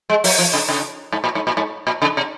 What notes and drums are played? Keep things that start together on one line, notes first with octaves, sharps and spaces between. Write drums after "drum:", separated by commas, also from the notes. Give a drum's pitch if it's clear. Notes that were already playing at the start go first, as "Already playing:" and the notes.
G#3
F#3, drum: open hi-hat
F3
C#3
C#3
G#2
A#2
G#2
A#2
G#2
A#2
C#3
C3